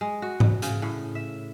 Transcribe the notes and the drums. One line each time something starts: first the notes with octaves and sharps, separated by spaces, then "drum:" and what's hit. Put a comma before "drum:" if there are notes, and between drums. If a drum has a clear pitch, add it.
G#3
F#4
drum: tom G#2
C#3, drum: hi-hat
A2
E5